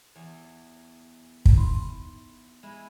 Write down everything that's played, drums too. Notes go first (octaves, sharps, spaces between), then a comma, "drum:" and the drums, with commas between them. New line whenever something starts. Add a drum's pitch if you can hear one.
E2
drum: kick
D#4 B5 C6
G#3 E4